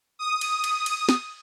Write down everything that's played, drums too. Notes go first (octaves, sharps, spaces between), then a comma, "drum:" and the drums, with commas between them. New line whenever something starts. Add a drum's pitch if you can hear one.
D#6
drum: cymbal
drum: cymbal
drum: cymbal
drum: snare